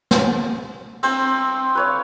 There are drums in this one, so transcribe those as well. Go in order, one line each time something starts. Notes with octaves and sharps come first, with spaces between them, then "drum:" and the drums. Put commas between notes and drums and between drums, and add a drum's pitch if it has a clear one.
drum: snare
C4 C5, drum: cymbal
B4 C#5 F5